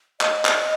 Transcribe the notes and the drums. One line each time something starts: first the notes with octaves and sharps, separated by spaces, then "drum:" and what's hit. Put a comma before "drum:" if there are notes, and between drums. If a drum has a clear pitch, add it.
D#5, drum: clap
drum: clap